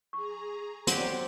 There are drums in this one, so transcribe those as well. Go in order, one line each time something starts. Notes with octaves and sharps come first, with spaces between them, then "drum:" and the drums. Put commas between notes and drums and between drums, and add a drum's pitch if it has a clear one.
G#4 A#5 C#6
F#3 G4 C5 D5 F#5, drum: hi-hat